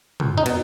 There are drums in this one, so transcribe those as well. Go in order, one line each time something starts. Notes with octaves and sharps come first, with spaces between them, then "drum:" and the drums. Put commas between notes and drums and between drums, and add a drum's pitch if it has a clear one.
C#2, drum: tom
D#4
B2, drum: cymbal